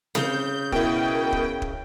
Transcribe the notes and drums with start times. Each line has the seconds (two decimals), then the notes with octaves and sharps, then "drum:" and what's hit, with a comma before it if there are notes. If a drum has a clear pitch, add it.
0.15 C#3 G6, drum: snare C4
0.72 B2 E4 A#4 G5, drum: kick D#1
1.32 drum: kick D#1
1.62 drum: kick D#1